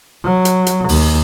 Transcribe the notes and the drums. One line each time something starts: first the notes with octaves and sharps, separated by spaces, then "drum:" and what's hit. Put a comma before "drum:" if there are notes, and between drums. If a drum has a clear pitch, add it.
F#3
drum: hi-hat
drum: hi-hat
D#2, drum: open hi-hat